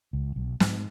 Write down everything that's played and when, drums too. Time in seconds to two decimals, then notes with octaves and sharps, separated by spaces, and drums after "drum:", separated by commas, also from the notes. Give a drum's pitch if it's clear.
0.13 C#2
0.36 B1
0.60 G#2, drum: snare